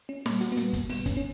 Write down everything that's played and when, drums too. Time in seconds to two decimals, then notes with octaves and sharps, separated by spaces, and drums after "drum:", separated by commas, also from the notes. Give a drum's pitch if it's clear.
0.09 C#4
0.26 A#2 G3 A#3, drum: snare
0.41 F#4, drum: hi-hat
0.52 B3
0.57 A#2 G3 A#3, drum: hi-hat
0.73 drum: kick, hi-hat
0.90 A#2 G3 B3, drum: open hi-hat
1.06 C#4, drum: kick, hi-hat
1.17 C#4